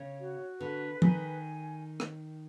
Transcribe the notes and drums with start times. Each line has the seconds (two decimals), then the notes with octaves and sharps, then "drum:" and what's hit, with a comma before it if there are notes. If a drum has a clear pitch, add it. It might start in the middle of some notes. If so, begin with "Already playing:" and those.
Already playing: C#3 C#5
0.20 F#4
0.60 D3 B4
1.02 D#3 G#5, drum: tom
2.00 drum: rim click